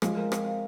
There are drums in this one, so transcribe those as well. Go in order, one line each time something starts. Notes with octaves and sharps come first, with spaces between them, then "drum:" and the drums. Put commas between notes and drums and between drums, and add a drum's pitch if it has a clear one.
F3 G#3 F5, drum: rim click
A#4
C4, drum: rim click
F5